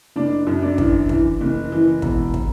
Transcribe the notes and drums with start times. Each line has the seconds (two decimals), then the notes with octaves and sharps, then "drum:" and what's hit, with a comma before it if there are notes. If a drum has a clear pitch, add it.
0.16 F#1 D4
0.47 F#2
0.62 D4
0.78 E3, drum: kick
1.09 E3, drum: kick
1.41 F#1
1.72 E3
2.02 E1, drum: kick
2.34 drum: kick